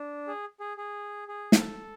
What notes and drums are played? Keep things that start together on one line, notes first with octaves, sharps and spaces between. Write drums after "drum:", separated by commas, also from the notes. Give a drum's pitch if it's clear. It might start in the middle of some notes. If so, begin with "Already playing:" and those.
Already playing: D4
G#4
G#4
G#4
G#4
A4, drum: snare